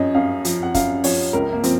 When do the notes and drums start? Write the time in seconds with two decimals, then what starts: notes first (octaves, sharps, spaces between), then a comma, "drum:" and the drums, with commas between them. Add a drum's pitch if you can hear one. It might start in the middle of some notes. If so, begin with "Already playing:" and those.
Already playing: F#2 F3 C#5 D#5
0.15 F#2 F5
0.45 F3, drum: hi-hat
0.63 F#5
0.74 F#2 F5, drum: kick, hi-hat
1.04 F3 C#5, drum: open hi-hat
1.33 C#2 A#4
1.52 A#3
1.63 F3 C4, drum: hi-hat